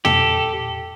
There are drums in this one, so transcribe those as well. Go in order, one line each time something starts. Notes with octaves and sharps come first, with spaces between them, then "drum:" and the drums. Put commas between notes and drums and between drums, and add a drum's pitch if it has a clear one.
G4 A4, drum: tom